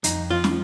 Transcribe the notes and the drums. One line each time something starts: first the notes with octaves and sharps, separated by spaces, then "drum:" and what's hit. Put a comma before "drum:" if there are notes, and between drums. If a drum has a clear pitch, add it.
F2 D#4, drum: hi-hat
F3 F4
drum: snare